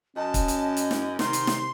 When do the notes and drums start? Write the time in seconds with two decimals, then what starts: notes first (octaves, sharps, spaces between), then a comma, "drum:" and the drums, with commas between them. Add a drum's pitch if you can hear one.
0.16 F#2 C#4 D#5 A5
0.34 drum: kick, hi-hat
0.48 drum: hi-hat
0.77 drum: hi-hat
0.91 drum: snare
1.19 C3 D#3 C6, drum: snare
1.33 drum: hi-hat
1.47 drum: snare